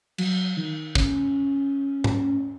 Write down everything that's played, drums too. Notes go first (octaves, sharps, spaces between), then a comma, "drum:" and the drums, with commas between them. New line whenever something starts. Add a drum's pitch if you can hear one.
F#3, drum: cymbal
D#3
C#4, drum: kick
drum: tom A2